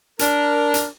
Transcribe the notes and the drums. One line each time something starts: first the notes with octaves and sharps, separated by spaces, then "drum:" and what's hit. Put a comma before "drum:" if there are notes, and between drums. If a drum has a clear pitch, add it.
D4 A#4, drum: hi-hat
drum: hi-hat